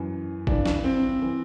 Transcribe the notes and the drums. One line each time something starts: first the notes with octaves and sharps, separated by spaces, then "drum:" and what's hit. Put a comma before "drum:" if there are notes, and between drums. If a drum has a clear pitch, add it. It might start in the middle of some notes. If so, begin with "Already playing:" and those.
Already playing: F#2 E3
G2 E3 D4, drum: kick G#1
drum: snare
C4
E3